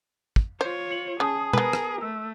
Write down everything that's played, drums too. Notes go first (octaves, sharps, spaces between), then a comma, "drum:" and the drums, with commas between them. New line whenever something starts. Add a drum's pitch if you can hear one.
drum: kick
F4 C5 C#5
C#7 F#7
C#3 G#4 A5 D#6
B3 G#4 A#4 B4, drum: tom B2
drum: rim click
A3 E6